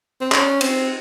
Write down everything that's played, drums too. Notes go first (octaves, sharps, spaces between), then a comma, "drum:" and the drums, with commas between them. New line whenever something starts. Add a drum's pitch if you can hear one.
C4
C#4, drum: clap
C4, drum: cymbal